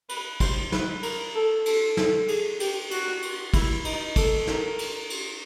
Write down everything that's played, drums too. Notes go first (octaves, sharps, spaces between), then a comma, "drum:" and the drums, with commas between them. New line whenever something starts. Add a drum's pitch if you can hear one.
B4, drum: cymbal
C5, drum: kick, cymbal
B4, drum: snare
A#4, drum: cymbal
A4
A4, drum: cymbal
A4, drum: snare
G#4, drum: cymbal
G4, drum: cymbal
F#4, drum: cymbal
drum: cymbal
E4, drum: kick, cymbal
D#4, drum: cymbal
A4, drum: kick, cymbal
A#4, drum: snare
drum: cymbal
drum: cymbal